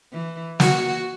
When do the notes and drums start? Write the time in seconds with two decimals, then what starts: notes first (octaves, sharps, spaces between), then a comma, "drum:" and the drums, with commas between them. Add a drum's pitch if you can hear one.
0.13 E3
0.60 F#4, drum: snare